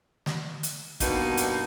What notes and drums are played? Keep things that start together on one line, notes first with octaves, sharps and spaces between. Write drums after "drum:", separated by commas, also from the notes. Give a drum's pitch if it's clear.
drum: snare
drum: hi-hat
G2 B2 A#3 B3 D#4, drum: kick, hi-hat
drum: hi-hat